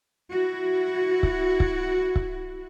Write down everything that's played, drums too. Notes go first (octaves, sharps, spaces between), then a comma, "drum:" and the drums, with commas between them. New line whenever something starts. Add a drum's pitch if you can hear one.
E4 F#4
drum: kick C#1
drum: kick C#1
drum: kick C#1